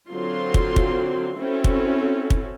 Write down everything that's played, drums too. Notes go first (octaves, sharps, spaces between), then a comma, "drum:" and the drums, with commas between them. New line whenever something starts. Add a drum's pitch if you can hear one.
D3 F#3 C4 F4 C6
drum: kick
drum: kick
C4 C#4 E4 F#4 A4
drum: kick
drum: kick